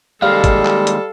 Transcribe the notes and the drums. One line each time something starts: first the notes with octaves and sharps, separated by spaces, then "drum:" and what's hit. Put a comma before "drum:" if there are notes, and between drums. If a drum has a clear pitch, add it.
D#2 G3 G#3 A4 F5
drum: kick, hi-hat
drum: clap
drum: hi-hat